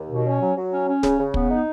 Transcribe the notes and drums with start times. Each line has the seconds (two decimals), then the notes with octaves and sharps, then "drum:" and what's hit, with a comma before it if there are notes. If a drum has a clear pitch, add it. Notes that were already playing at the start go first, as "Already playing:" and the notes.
Already playing: D#2
0.09 B2
0.25 C#4
0.40 F#3
0.56 F#3
0.72 C#4
0.88 C#4
1.03 C#3, drum: snare D1
1.19 C#3
1.34 B3, drum: kick
1.51 D#4